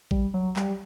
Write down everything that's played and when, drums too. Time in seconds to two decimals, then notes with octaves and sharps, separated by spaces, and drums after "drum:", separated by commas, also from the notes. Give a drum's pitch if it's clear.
0.11 G3, drum: kick A1
0.34 F#3
0.56 G3, drum: clap